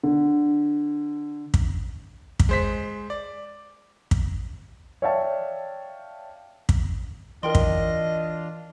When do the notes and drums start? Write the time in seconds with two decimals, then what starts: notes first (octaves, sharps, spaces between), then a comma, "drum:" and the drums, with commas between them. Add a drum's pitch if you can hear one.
0.03 D3
1.54 drum: kick
2.40 drum: kick
2.49 G#3 C5 B6
3.10 D5
4.11 drum: kick
5.02 C#5 D5 E5 F5 G5 A5
6.69 drum: kick
7.43 E3 D4 F4 A#4 D#5 G5 C6
7.55 drum: kick